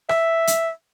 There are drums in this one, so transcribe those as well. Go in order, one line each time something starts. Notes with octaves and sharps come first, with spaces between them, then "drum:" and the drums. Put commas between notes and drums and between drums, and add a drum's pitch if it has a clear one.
E5, drum: rim click
drum: hi-hat